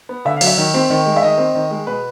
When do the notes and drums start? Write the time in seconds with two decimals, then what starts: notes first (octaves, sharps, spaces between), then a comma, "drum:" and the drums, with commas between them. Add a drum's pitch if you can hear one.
0.09 B3
0.25 D3 E5
0.36 F5
0.41 F#3, drum: cymbal
0.47 E5
0.58 D#3
0.74 C4
0.90 D#3
1.06 G#3
1.16 E5
1.22 D#3 D#5
1.38 C4
1.55 D#3
1.70 G#3
1.87 B2 B4